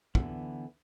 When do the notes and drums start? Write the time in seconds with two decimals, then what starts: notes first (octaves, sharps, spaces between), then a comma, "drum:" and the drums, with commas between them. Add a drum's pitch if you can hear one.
0.15 D3 E3 B3, drum: kick